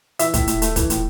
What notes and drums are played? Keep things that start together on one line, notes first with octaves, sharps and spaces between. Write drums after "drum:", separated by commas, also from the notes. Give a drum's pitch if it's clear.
E3 E5, drum: hi-hat
A2, drum: kick, hi-hat
A2, drum: hi-hat
A3, drum: hi-hat
E3, drum: kick, hi-hat
A2, drum: hi-hat